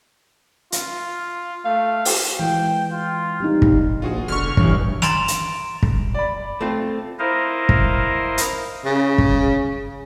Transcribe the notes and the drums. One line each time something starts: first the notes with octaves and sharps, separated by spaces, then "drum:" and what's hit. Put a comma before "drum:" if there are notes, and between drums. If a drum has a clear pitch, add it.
F4, drum: hi-hat
A3 F5
drum: open hi-hat
E3 G#3 G5
F4
G3 C4 D#4
drum: kick
A#1 F4 F#4 G#4
E1 D3 C#6 F6
A#1 G2 E3 C#5, drum: kick
A#5 C6 A6 D7 E7 F7, drum: snare
drum: hi-hat
drum: kick
D5 B5
A3 C4 F4
E4 A#4 C5 D#5 F5
drum: kick
drum: hi-hat
C#3
drum: kick